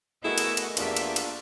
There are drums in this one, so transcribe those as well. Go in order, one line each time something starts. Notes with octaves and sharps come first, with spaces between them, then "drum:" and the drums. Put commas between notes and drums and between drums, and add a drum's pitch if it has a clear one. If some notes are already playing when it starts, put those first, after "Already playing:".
A3 B3 E4 F#4 G#4 A#4 D#5
drum: cymbal
drum: cymbal
E2 A#3 D4 F4 G4 E5, drum: cymbal
drum: cymbal
drum: cymbal